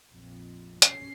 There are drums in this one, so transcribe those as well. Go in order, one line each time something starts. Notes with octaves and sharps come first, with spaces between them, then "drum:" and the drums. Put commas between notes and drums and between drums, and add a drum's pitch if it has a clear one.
A#1 F2
C#4 C7, drum: hi-hat